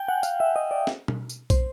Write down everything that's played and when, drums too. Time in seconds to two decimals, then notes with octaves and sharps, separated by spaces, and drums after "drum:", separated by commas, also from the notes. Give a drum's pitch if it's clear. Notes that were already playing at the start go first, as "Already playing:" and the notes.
Already playing: G5 G#5
0.08 F#5
0.23 F5, drum: tambourine
0.40 E5
0.56 D#5
0.71 D5
0.87 drum: snare
1.08 drum: tom B2
1.29 drum: tambourine
1.50 C5, drum: kick, tambourine